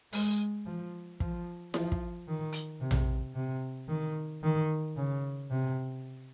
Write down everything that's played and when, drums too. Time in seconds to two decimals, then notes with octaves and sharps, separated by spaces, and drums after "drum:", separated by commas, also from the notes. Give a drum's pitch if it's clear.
0.13 G#3, drum: open hi-hat
0.66 F3
1.20 F3, drum: kick
1.74 F3, drum: snare E4
1.92 drum: kick
2.27 D#3
2.52 drum: hi-hat
2.81 C3
2.91 drum: tom A#1
3.35 C3
3.88 D#3
4.43 D#3
4.96 C#3
5.51 C3